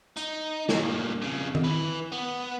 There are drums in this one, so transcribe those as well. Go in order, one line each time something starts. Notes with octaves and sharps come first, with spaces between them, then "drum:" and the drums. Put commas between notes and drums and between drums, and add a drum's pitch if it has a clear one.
D#4, drum: hi-hat
G2 A#2, drum: snare
F2 C#3
drum: tom D#3
E3 B4
B3